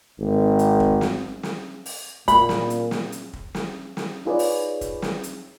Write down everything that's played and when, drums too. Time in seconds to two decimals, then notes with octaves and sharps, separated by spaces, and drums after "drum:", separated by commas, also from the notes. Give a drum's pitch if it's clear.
0.20 G#1
0.59 drum: hi-hat
0.80 drum: kick
1.01 drum: snare
1.43 drum: snare
1.86 drum: open hi-hat
2.28 A#2 B5, drum: kick, hi-hat
2.49 drum: snare
2.70 drum: hi-hat
2.91 drum: snare
3.12 drum: hi-hat
3.33 drum: kick
3.55 drum: snare
3.97 drum: snare
4.25 D#4 F4 G#4 B4 C#5 D5
4.39 drum: open hi-hat
4.81 drum: kick, hi-hat
5.02 drum: snare
5.23 drum: hi-hat